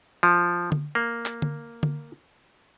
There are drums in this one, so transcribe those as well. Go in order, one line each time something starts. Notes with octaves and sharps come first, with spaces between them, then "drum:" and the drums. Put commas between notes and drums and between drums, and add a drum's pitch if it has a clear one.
F3
drum: tom D3
A#3
drum: clap
drum: tom D3
drum: tom D3